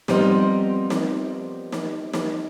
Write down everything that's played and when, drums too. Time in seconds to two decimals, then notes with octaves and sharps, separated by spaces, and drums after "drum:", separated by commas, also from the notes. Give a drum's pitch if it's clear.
0.08 F3 G3 B3 C4 A#4 D#5, drum: snare
0.90 drum: snare
1.72 drum: snare
2.14 drum: snare